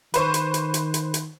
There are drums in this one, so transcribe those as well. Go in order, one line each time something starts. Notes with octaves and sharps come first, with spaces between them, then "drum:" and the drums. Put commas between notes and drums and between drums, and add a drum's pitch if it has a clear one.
D#3 B4 C5 C#6, drum: hi-hat
drum: hi-hat
drum: hi-hat
drum: hi-hat
drum: hi-hat
drum: hi-hat